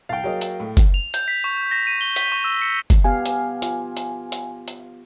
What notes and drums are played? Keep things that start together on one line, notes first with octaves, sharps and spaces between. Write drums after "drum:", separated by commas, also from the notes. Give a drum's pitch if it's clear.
C2 F5 G5 A6
F#3 A#3 G#4 C#5 D#5
drum: hi-hat
A2
drum: kick F#1, hi-hat
F7
G6, drum: hi-hat
B6
C#6
A#6
D#7
G7
B6, drum: hi-hat
C#6
E6
C#7
drum: kick F#1, hi-hat
B3 G4 F5 G#5
drum: hi-hat
F4, drum: hi-hat
drum: hi-hat
drum: hi-hat
drum: hi-hat